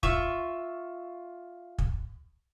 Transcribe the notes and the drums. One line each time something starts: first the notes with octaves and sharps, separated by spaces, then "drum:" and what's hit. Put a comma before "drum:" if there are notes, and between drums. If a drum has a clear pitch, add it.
F4 E5 C#6, drum: kick
drum: kick